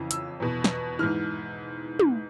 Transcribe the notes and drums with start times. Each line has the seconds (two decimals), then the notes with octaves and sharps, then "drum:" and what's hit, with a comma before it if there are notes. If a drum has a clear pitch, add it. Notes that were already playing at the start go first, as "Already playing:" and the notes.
Already playing: F2 C#3 E3
0.11 E6, drum: hi-hat
0.40 E2 B2
0.64 drum: snare
0.99 G#2 E3 F6
1.99 drum: tom